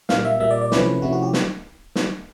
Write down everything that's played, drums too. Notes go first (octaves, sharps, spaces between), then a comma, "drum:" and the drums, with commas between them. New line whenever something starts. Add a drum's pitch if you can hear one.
A#2 G3 A#3 F5, drum: snare
E5
A#2 G3 A#3 E5
D5
D5
C3 F3 A3 C#4 E4 B4, drum: snare
C3 F3 A3 C#4 E4 F#4
F#4
G4
drum: snare
drum: snare